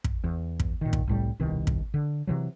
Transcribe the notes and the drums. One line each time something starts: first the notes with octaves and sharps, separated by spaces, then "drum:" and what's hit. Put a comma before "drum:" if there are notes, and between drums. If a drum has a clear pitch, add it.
drum: kick
E2
drum: kick
A#2 D#3
drum: kick
C2 A2 G3
D#1 C2 B2 D#3
drum: kick
D3
C3 E3 F#3